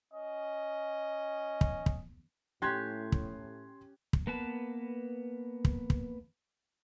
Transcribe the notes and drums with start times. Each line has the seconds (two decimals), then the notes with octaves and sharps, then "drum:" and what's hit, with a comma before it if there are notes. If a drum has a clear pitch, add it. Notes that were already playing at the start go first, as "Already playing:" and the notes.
0.13 C#4 D#5
1.61 drum: kick
1.86 drum: kick
2.62 A2 C#4 G4 C6 F#6 G#6
3.12 drum: kick
4.13 drum: kick
4.27 A#3 B3 B4 A5
5.65 drum: kick
5.90 drum: kick